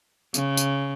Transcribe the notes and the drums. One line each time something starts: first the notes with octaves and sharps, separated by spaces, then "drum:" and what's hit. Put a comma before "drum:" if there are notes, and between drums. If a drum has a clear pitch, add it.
C#3, drum: tambourine
drum: tambourine